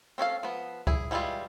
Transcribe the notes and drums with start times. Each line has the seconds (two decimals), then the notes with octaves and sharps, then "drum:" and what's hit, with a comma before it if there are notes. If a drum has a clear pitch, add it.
0.18 C4 C#4 A4 F5
0.43 F3 B3
0.87 E4 G#4, drum: kick C#2
1.11 E3 G3 G#3 E4 F4